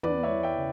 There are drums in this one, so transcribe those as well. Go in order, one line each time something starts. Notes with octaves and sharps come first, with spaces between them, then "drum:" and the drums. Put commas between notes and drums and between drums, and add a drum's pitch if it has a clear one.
E2 B4 D5, drum: tom
C#5 E5
E3
E5 G5
C#3